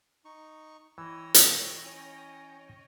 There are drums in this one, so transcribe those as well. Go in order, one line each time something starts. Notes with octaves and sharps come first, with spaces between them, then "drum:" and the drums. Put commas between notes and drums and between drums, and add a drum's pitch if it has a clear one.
D#4 C#6
E3 C#5 D#5 G5 E6
drum: hi-hat
C#4